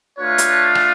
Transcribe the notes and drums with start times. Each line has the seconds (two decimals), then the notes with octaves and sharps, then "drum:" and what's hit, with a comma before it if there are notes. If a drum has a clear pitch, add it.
0.19 A3 D4 F4 B4 C#5
0.38 drum: hi-hat
0.75 drum: rim click